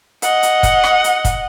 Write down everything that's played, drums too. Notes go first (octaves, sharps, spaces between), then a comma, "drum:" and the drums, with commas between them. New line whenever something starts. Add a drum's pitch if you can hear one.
D#5 F#5, drum: hi-hat
drum: hi-hat
drum: kick, hi-hat
drum: rim click
drum: hi-hat
drum: kick, hi-hat